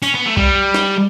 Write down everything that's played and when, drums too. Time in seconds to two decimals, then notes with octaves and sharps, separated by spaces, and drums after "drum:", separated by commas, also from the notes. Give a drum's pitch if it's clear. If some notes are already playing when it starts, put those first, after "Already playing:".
0.02 C#4, drum: tambourine
0.15 B3
0.26 A3
0.37 G3, drum: kick
0.74 drum: snare